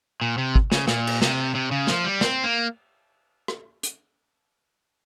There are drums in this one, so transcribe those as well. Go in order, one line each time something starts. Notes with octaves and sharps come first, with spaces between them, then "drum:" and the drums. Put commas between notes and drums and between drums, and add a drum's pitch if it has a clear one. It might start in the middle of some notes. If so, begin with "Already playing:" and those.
A#2
C3
drum: kick
C#3, drum: snare
A#2, drum: snare
drum: cymbal
C3, drum: snare
C3
C#3
F3, drum: snare
G3
C4, drum: snare
A#3
drum: rim click
drum: hi-hat